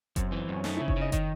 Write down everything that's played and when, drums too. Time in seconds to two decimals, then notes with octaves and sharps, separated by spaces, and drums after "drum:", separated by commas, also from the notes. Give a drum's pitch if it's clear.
0.16 F#2 C4, drum: kick F#1, hi-hat
0.28 C4
0.32 E3
0.40 C4
0.49 F#2 C#4
0.64 A3 D#4, drum: snare
0.77 E4
0.81 C#3
0.88 C#5, drum: kick F#1
0.97 C#3 D#5
1.12 D#3 D#5, drum: kick F#1, hi-hat